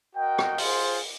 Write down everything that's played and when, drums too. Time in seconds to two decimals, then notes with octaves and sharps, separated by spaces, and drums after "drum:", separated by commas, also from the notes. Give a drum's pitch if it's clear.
0.16 F#4 A#4 D#5 G5
0.38 drum: rim click
0.58 F4 G#4 C5, drum: open hi-hat